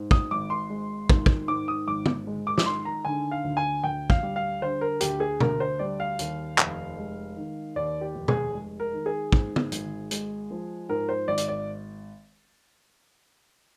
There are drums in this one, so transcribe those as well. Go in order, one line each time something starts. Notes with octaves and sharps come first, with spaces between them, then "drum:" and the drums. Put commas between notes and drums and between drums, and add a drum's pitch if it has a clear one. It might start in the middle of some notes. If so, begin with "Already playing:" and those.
Already playing: G#2
D#6, drum: kick
G#1 D6
C6
G#3
D#3, drum: kick
drum: kick
G#2 D6
D#6
G#1 D6
drum: tom
G#3
D6
D6, drum: snare
D#3 C6
A#5
D3 G#5
F5
D2
G#5
D2 G5
F5, drum: kick
G3
F5
D3 C5
A#4
D2 G4, drum: hi-hat
G#4
D2 A#4, drum: tom
C5
G3 D5
F5
D#2, drum: hi-hat
F1, drum: clap
G#3
D#3
D#2 D5
G4
F1
G#4, drum: tom
G#3
A#4
D#3
G#4
G#2, drum: kick
drum: tom
G#1, drum: hi-hat
G#3, drum: hi-hat
F3
G#2 A#4
C5
G#1 D5
drum: hi-hat
D5